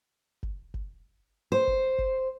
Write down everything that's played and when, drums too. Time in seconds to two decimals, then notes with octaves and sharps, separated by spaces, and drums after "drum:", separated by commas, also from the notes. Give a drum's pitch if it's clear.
0.43 drum: kick F#1
0.74 drum: kick F#1
1.52 C5
1.67 drum: kick F#1
1.98 drum: kick F#1